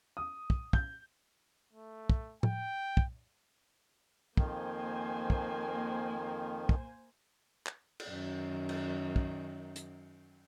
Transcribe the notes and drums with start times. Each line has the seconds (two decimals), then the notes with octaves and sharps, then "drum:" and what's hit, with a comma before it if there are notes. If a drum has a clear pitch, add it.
0.17 D#6
0.50 drum: kick
0.73 G6, drum: kick
1.73 A3
2.10 drum: kick
2.43 G5, drum: tom A2
2.97 drum: kick
4.37 F2 D#3 A#3 C5 G#5, drum: kick
5.30 drum: kick
6.69 drum: kick
7.66 drum: clap
8.00 drum: cymbal
8.09 F#2 D#3
8.69 drum: cymbal
9.16 drum: kick
9.76 drum: hi-hat